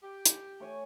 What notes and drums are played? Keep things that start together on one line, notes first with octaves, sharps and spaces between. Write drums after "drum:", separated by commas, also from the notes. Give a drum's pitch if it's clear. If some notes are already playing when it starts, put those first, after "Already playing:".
G4
drum: hi-hat
A3 C#5 G#5